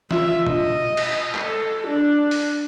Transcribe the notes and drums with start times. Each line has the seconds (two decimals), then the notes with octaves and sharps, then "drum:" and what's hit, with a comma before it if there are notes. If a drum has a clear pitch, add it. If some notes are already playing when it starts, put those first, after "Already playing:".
0.11 F4 E5, drum: snare E3
0.47 D#5, drum: tom
0.97 drum: cymbal
1.35 A4, drum: clap
1.87 D4
2.31 drum: open hi-hat